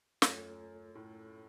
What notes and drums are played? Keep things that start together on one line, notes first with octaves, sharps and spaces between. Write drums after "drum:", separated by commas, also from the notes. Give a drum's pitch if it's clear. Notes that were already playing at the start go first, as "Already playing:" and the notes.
F#2 A3 F4 A4 C#5, drum: snare
A2